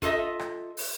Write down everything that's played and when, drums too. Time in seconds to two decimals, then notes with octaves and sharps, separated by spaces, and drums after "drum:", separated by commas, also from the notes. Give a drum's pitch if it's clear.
0.02 F4 A4 C5 D#5 E5, drum: kick, hi-hat
0.39 drum: rim click
0.77 drum: open hi-hat